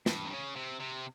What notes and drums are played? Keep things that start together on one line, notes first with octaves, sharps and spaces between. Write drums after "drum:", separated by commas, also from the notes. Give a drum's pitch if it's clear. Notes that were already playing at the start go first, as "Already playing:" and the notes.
G2, drum: snare
C3
C#3
C3
C3